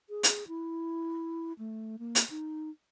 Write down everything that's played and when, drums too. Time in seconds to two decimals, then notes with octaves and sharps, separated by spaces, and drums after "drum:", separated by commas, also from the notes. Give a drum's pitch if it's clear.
0.09 G#4
0.23 drum: hi-hat
0.48 E4
1.59 A3
1.99 A#3
2.15 drum: hi-hat
2.30 D#4